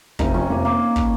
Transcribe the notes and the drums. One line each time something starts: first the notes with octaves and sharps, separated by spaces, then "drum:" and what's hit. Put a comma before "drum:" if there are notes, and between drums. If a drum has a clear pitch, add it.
F1 D#4, drum: kick
F2 C#4
F1 A#3
A#3
drum: kick